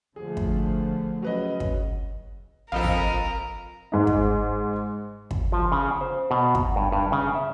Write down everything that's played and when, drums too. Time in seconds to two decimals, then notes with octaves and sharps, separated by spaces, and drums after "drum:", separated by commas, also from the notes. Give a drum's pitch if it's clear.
0.16 D3 F3 A3 G#4
0.37 drum: kick
1.22 C#3 F#3 B4 D#5
1.60 drum: kick
2.72 A#1 F2 F3 A4 A#4 D#5 F5
2.84 drum: kick
3.92 G#2 D#4
4.07 drum: kick
5.31 drum: kick
5.52 F3
5.72 C#3
6.01 C5
6.31 B2
6.55 A#5, drum: kick
6.76 G2
6.92 G2
7.12 C#3
7.35 E5